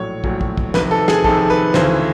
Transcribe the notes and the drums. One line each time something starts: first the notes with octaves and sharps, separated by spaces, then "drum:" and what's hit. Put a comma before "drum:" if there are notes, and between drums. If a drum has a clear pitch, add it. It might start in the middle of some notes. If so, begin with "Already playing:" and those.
Already playing: A#1 A2 F#3 C#5
A#1 A2 F#3, drum: kick
drum: kick
drum: kick
F2 C3 D#3 B4, drum: snare
A4
G#4, drum: snare
F2 C3 D#3 A4, drum: kick
B4
D2 C#3 E3 A3 C5, drum: snare